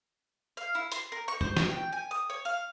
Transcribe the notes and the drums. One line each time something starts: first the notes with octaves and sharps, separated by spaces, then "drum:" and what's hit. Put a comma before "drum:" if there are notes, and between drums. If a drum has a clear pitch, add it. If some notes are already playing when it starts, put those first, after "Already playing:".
F5
E4
C6, drum: hi-hat
A#4
C#6
C5, drum: tom E2
C#6, drum: snare
G5
G#5
D#6
C#5
F5